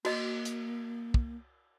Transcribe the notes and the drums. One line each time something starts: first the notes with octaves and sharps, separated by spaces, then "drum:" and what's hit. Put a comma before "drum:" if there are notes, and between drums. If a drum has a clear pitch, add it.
A#3 F#4 D#5, drum: cymbal
drum: hi-hat
drum: kick